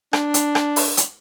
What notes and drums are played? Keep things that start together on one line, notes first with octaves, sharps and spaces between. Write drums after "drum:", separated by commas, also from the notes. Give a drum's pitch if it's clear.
D4, drum: rim click
drum: hi-hat
drum: rim click
drum: open hi-hat
drum: hi-hat